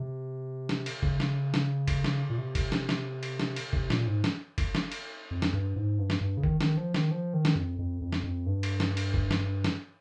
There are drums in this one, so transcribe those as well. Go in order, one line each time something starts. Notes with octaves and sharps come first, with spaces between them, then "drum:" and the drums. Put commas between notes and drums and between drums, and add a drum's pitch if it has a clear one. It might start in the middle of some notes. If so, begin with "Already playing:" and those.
Already playing: C3
drum: snare
drum: cymbal
C#3, drum: kick F#1
drum: snare
drum: snare
drum: kick F#1, cymbal
drum: snare
A#2
C3
drum: kick F#1, cymbal
drum: snare
drum: snare
drum: cymbal
drum: snare
drum: cymbal
C3, drum: kick F#1
A#2, drum: snare
G#2
drum: snare
drum: kick F#1, cymbal
drum: snare
drum: cymbal
F2
drum: snare
G2
G#2
G2
drum: snare
G2
C#3
D#3, drum: kick F#1
D#3, drum: snare
F3
D#3, drum: snare
F3
D#3
drum: snare
F2
F2
F2
drum: snare
F2
G2
drum: cymbal
drum: snare
drum: cymbal
drum: kick F#1
drum: snare
drum: snare